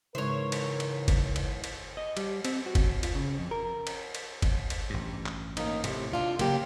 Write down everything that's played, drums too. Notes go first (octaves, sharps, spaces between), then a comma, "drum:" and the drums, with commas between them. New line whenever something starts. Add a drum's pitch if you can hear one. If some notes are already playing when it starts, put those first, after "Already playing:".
G#2 C#3 E3 A#4 C5 C#5
drum: cymbal
drum: cymbal
drum: kick G1, cymbal
drum: cymbal
drum: cymbal
D#5
G3, drum: cymbal
C4, drum: cymbal
F#4
drum: kick G1, cymbal
F4, drum: cymbal
C#3
F2
A#4
drum: cymbal
drum: cymbal
drum: kick G1, cymbal
drum: cymbal
A1 G2
drum: clap
A#3 C4 D#4, drum: cymbal
A2 C3, drum: cymbal
D4 F4
C#3 E3 F#3 A#3 G4, drum: cymbal